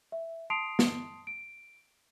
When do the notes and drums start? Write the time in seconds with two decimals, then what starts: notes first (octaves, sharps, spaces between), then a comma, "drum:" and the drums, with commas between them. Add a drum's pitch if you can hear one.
0.12 E5
0.50 A5 C6 D#6 C7 D7 F7
0.79 drum: snare
1.27 D7